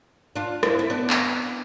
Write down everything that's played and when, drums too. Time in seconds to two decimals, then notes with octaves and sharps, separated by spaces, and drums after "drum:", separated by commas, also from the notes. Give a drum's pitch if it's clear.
0.36 D4 F4
0.63 C4 E4, drum: rim click
0.79 E4
0.90 B3 D4
1.10 drum: clap